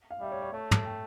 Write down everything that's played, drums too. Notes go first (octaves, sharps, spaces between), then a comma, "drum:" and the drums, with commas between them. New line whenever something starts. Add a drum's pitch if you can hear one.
F5
G3 E5
C#5
C#5
A3 C#5
drum: tom
G5